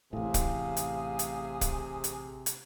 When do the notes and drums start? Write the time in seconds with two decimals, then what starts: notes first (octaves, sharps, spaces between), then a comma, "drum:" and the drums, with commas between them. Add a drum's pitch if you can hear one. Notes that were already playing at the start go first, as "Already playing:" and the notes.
0.13 A1 A2 C3 G#4 F5
0.34 drum: kick, hi-hat
0.77 drum: hi-hat
1.19 drum: hi-hat
1.61 drum: kick, hi-hat
2.04 drum: hi-hat
2.46 drum: hi-hat